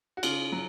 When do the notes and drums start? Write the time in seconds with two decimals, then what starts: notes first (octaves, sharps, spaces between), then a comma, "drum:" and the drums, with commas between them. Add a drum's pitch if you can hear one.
0.17 F#4
0.23 C#3 F4, drum: cymbal
0.52 F#3